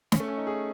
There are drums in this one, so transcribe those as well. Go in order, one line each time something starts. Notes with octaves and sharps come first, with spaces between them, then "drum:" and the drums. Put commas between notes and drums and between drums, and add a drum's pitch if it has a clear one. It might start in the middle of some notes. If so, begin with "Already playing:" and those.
C#4, drum: snare
A3
C#4
D#4
G#4